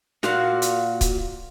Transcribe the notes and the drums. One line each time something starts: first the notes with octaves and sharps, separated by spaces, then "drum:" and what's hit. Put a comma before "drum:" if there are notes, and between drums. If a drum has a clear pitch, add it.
A#2 F#4 F5 F#5, drum: snare
drum: hi-hat
drum: kick C#1, hi-hat